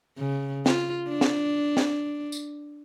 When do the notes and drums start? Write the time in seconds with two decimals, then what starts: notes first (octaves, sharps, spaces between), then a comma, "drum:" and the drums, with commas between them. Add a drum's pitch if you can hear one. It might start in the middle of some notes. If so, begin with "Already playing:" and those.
0.18 C#3
0.66 F4, drum: snare
1.08 D4
1.21 drum: snare
1.77 drum: snare
2.32 drum: tambourine